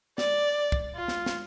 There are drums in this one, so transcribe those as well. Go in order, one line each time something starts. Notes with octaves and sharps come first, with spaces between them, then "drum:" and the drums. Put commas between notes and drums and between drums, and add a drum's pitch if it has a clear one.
D5, drum: snare
drum: kick
F4
drum: snare
drum: snare